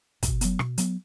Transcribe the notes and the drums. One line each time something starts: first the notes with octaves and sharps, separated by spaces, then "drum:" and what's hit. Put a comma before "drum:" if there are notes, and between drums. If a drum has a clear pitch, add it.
B2, drum: kick, hi-hat
F#3 B3, drum: hi-hat
B2, drum: rim click
F#3 B3, drum: hi-hat